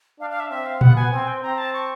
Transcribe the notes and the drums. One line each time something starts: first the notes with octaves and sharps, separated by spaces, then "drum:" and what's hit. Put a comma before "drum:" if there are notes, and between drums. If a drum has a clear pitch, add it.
D4 F5
F5
E5
C4 E5
F5
B3 F#5, drum: tom A#2
G#5
C4 G#5
G5
C4 A#5
A5
C#6